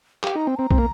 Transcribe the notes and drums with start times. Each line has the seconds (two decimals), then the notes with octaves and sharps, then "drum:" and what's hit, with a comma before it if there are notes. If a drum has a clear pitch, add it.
0.24 G4 F5, drum: clap
0.35 D#4 A#5
0.47 C4 G5
0.58 C4 A#5
0.71 C4, drum: kick
0.78 A#3